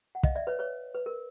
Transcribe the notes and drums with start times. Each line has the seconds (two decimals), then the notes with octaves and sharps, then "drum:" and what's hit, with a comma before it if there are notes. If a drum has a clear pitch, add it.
0.15 F#5
0.23 D#5 F5, drum: kick
0.35 D5 E5
0.47 B4 C#5
0.59 B4 C#5
0.95 B4
1.06 A#4